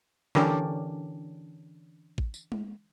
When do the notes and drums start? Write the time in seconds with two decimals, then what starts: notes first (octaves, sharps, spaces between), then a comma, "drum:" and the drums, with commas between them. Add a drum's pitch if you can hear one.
0.35 D3 E3 C#4 D4 G4 A#4, drum: snare
2.18 drum: kick A1
2.34 drum: tambourine
2.52 drum: tom G#3